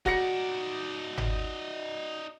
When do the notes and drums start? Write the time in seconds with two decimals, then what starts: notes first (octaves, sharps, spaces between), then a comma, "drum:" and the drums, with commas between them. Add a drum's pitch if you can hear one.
0.06 D#4 F#4 D5 A#6 C#7, drum: kick
1.17 drum: tom G1